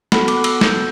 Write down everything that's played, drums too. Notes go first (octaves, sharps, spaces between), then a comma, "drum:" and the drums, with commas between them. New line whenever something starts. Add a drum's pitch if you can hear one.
B3 F#4 A4 B5, drum: snare
D6, drum: cymbal
F#6
E6, drum: cymbal
G6, drum: snare